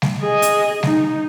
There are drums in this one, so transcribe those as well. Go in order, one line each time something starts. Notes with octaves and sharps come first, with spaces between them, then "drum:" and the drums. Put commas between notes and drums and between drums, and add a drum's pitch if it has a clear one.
drum: snare G3
G#4 D#5
drum: hi-hat
D#4, drum: snare G3